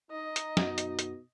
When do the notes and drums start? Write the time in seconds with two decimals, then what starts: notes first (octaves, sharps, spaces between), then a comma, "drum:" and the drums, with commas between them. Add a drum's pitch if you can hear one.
0.11 D#4 D#5
0.36 drum: hi-hat
0.57 F#2 B2 F#4, drum: snare
0.78 drum: hi-hat
0.99 drum: hi-hat